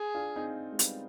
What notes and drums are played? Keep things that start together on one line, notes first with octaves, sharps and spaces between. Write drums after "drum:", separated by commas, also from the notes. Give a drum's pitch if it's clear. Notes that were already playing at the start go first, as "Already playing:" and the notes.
Already playing: G#4
D4 F4
C4 D#4
G#3
G3 B3, drum: hi-hat